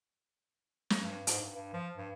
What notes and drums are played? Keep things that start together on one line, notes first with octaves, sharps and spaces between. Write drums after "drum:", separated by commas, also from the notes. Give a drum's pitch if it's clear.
drum: snare
G2
G#2, drum: hi-hat
G2
G2
F3
G2